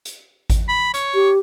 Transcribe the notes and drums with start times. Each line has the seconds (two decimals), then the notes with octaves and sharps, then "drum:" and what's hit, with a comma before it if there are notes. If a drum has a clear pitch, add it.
0.05 drum: hi-hat
0.50 drum: kick G#1, hi-hat
0.68 B5
0.94 C#5, drum: hi-hat
1.14 G4